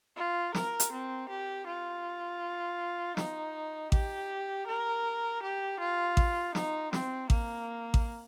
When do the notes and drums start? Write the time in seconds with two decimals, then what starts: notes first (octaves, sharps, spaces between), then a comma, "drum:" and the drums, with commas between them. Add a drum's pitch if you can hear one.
0.17 F4
0.55 A#4, drum: snare
0.80 drum: hi-hat
0.92 C4
1.29 G4
1.67 F4
3.17 D#4, drum: snare
3.92 G4, drum: kick A1
4.67 A#4
5.43 G4
5.80 F4
6.17 drum: kick A1
6.55 D#4, drum: snare
6.93 C4, drum: snare
7.30 A#3, drum: kick A1
7.94 drum: kick A1